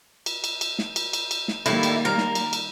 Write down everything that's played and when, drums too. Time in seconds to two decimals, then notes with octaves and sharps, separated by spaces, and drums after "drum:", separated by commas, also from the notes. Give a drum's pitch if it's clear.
0.26 drum: cymbal
0.44 drum: cymbal
0.61 drum: cymbal
0.79 drum: snare
0.96 drum: cymbal
1.13 drum: cymbal
1.31 drum: cymbal
1.48 drum: snare
1.66 A2 D#3 G3 A#3 E4, drum: cymbal
1.83 drum: cymbal
2.05 A#4
2.18 drum: snare
2.35 drum: cymbal
2.53 drum: cymbal